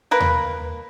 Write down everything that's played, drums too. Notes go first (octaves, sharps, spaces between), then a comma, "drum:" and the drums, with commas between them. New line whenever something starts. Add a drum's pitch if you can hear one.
A#3 A#4 B4
drum: tom D#2